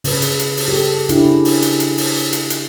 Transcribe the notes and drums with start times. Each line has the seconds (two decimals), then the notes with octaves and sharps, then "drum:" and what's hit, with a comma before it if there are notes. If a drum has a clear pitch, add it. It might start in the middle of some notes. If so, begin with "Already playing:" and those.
0.04 C#3 B4, drum: open hi-hat
0.22 drum: hi-hat
0.39 drum: hi-hat
0.57 drum: open hi-hat
0.68 G4 A4
1.09 C#3 C#4 D4 E4 G4, drum: hi-hat
1.45 drum: open hi-hat
1.62 drum: hi-hat
1.80 drum: hi-hat
1.98 drum: open hi-hat
2.33 drum: hi-hat
2.50 drum: hi-hat